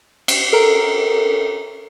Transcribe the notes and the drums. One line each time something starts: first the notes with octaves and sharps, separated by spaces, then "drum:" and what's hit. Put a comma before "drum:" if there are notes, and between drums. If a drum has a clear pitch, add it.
drum: cymbal
A4 A#4 A#5